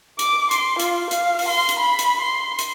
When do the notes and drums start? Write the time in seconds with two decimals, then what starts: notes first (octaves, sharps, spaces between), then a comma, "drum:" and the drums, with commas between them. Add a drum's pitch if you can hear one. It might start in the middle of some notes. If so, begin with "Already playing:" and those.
0.19 D6, drum: hi-hat
0.51 C6, drum: hi-hat
0.80 F4, drum: hi-hat
1.11 F5, drum: hi-hat
1.39 drum: open hi-hat
1.49 C6
1.69 drum: hi-hat
1.79 B5
1.99 drum: hi-hat
2.22 C6
2.59 drum: hi-hat